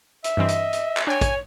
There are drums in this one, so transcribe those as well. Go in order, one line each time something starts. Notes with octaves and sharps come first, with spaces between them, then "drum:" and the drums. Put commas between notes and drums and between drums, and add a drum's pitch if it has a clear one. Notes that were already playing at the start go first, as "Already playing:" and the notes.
E5, drum: hi-hat
G2 E3 C4 D#5
drum: hi-hat
drum: hi-hat
drum: clap
D4 C#5 G5 G#5
drum: kick, hi-hat